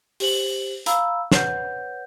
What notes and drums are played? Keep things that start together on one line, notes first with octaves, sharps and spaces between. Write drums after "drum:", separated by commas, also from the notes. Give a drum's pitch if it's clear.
G4 C5 F#7, drum: open hi-hat
F5 A#5 B5 E6, drum: hi-hat
B4 C#5 F#5 G6, drum: snare